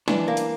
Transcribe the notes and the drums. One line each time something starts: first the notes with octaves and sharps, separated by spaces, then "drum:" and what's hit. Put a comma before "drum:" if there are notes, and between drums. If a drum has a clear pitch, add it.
E3 D4, drum: snare
A#3
drum: hi-hat